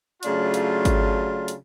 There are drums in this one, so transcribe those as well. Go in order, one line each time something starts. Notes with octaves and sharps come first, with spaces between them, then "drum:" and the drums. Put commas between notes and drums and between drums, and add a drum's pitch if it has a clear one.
C#3 F#3 A3 D4 F4, drum: hi-hat
drum: hi-hat
drum: kick G#1, hi-hat
drum: hi-hat